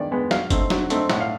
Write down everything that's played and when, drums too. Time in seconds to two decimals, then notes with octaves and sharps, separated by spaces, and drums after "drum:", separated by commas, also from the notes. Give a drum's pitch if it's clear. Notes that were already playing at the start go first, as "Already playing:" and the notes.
Already playing: D#3 G#3 B3 D5
0.12 G#3 B3
0.31 F#3 F5, drum: snare
0.50 A3 C4 D#4, drum: kick F#1, hi-hat
0.70 F#3, drum: snare
0.90 A3 C4 D#4, drum: hi-hat
1.10 A2 F#5, drum: snare
1.20 F5